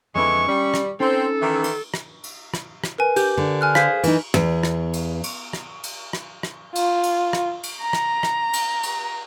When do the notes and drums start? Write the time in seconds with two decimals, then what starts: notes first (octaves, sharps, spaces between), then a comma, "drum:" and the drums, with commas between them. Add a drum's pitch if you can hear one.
0.15 F2 D3 E3 G#3 C4 B5 C#6
0.47 G3 C#4
0.74 drum: rim click
1.00 C4 C#4 D#4 A4
1.41 D#3 E3
1.64 drum: cymbal
1.94 drum: rim click
2.24 drum: cymbal
2.54 drum: rim click
2.84 drum: rim click
2.98 A#4 B4 G#5
3.16 G4, drum: cymbal
3.37 D3
3.61 G#5 F6 F#6
3.75 G#4 C5 F5 B6, drum: rim click
4.03 E3 D#4, drum: cymbal
4.34 E2, drum: rim click
4.63 drum: rim click
4.93 drum: cymbal
5.23 drum: cymbal
5.53 drum: rim click
5.83 drum: cymbal
6.13 drum: rim click
6.43 drum: rim click
6.75 F4, drum: cymbal
7.03 drum: cymbal
7.33 drum: rim click
7.63 drum: cymbal
7.81 A#5
7.93 drum: rim click
8.23 drum: rim click
8.53 drum: cymbal
8.83 drum: cymbal